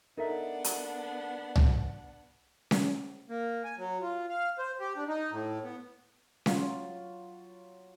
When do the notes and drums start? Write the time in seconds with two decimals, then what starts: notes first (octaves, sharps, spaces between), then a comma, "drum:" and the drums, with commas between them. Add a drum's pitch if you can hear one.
0.17 B3 D4 D#4 A4 A#4 E5 F#5 A#5
0.64 drum: hi-hat
1.56 drum: tom C2
2.71 drum: snare C#4
3.29 A#3
3.64 G#5
3.78 F#3
4.02 F4
4.29 F5
4.58 C5
4.80 G4
4.96 D4
5.08 D#4
5.31 A2
5.64 B3
6.46 F#3 F4, drum: snare C#4